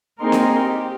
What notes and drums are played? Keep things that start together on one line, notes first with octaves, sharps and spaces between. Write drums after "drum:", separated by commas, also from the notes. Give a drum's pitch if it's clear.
A#3 C4 D#4 G#4 A#4 C6
drum: snare D4
G4